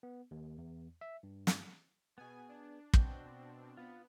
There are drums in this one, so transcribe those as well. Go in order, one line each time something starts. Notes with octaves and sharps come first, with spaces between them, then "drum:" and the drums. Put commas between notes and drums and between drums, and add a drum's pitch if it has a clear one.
B3
D#2
E2
E5
G2
drum: snare
B2 B3 G#4 G#5
D4
B2 C4 D4 F#4 G5, drum: kick
B3 F4